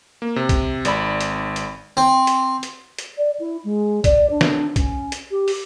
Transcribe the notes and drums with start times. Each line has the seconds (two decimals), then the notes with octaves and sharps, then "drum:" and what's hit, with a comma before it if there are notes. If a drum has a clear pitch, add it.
0.22 A#3
0.36 C3
0.49 drum: kick, hi-hat
0.85 G#1 D5 B5, drum: hi-hat
1.21 drum: hi-hat
1.56 drum: hi-hat
1.97 C4
2.27 drum: hi-hat
2.63 drum: hi-hat
2.99 drum: hi-hat
3.17 D5
3.39 E4
3.64 G#3
4.04 D5, drum: kick, hi-hat
4.30 D4
4.41 drum: snare
4.76 C#4, drum: kick, hi-hat
5.12 drum: hi-hat
5.31 G4
5.48 drum: open hi-hat